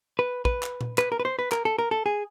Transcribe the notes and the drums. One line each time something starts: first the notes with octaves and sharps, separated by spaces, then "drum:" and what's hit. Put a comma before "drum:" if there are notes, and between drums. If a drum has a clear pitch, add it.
B4
B4, drum: kick
drum: clap
drum: tom A#2
B4, drum: clap
A#4
B4
C5
B4
A#4, drum: clap
A4
A#4
A4
G#4